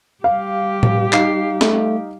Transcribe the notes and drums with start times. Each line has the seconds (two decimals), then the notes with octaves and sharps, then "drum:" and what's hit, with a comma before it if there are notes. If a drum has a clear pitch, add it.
0.24 G3 G4 F5
0.83 drum: tom A2
1.13 D#4 F5 C7, drum: clap
1.61 A3, drum: snare